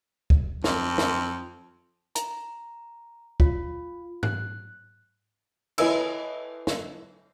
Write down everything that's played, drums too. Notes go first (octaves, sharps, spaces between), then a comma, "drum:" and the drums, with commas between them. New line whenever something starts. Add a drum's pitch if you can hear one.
drum: kick
F2, drum: snare
drum: snare
A#5, drum: hi-hat
F4, drum: kick
F#6, drum: tom G#2
E4 A4 B4 D#5 G#5 E6, drum: cymbal
drum: snare